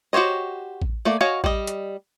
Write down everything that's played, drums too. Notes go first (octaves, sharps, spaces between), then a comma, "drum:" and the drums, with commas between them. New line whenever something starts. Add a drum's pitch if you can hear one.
F#4 G4 C5 C#5 D#5
drum: kick A1
A3 A#3 D5
F#4 C#5 D#5 F5 G#5
G3 D#5, drum: kick A1
drum: hi-hat